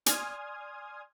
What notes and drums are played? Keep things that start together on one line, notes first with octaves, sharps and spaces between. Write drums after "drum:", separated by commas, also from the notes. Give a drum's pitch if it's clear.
D5 G#5 C6 D#6 F6 G#6, drum: hi-hat